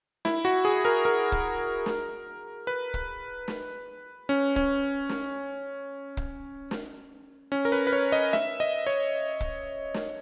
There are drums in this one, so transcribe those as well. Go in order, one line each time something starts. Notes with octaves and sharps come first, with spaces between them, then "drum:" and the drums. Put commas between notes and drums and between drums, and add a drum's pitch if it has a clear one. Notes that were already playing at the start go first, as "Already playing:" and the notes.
E4, drum: snare
F#4
G#4
A#4
A#4
drum: kick
drum: snare
B4
drum: kick
drum: snare
C#4
C#4, drum: kick
drum: snare
drum: kick
drum: snare
C#4
A#4
B4
B4
C#5
D#5
E5, drum: snare
D#5
C#5
drum: kick
drum: snare